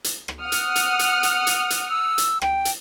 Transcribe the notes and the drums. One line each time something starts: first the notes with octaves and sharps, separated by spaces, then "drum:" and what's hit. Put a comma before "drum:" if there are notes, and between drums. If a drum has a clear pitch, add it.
drum: hi-hat
drum: rim click
F#5 D#6 F6
drum: hi-hat
drum: hi-hat
drum: hi-hat
drum: hi-hat
drum: hi-hat
drum: hi-hat
E6
drum: hi-hat
G5, drum: rim click
drum: hi-hat